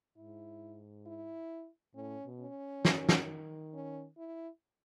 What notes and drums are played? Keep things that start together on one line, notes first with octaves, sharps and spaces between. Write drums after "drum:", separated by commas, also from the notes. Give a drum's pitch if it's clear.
G#2 E4
E4
A2 C#4
B2
C#4
D#3, drum: snare
drum: snare
C#4
E4